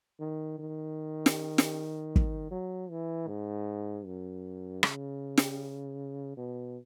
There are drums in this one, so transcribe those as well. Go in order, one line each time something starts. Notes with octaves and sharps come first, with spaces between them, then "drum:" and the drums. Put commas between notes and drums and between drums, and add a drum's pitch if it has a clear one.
D#3
D#3
drum: snare
drum: snare
drum: kick
F#3
E3
G#2
F#2
C#3, drum: rim click
drum: snare
B2